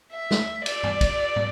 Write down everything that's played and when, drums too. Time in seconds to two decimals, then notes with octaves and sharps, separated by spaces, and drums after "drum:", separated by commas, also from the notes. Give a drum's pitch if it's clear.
0.13 E5
0.31 drum: snare
0.66 D5, drum: cymbal
0.83 drum: tom G2
1.01 drum: kick, cymbal
1.36 drum: tom